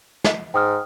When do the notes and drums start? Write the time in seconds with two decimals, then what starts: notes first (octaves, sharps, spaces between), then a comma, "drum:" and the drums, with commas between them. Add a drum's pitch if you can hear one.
0.24 drum: snare
0.54 G#2 G5 D#6 F6